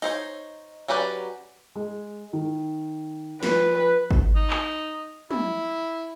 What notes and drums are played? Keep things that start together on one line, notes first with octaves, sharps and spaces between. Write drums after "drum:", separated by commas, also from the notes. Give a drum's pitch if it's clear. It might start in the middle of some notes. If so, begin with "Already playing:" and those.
D#4 C5 C#5, drum: open hi-hat
F#3 C#4 G4 B4 D5
G#3
D#3
F3 B4, drum: snare
drum: kick G#1
D#4
drum: clap
E4, drum: tom